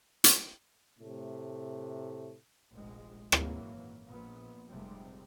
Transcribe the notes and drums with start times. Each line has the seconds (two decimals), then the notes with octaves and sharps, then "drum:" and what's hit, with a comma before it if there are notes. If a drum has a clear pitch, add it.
0.24 drum: hi-hat
0.99 A2 C3 A3
2.74 F1 A#1 G#3
3.32 G#1 F#2 A#2 E3 F#3 A#3, drum: rim click
4.07 A#1 A#2 B3
4.70 F1 C3 G3 G#3 C4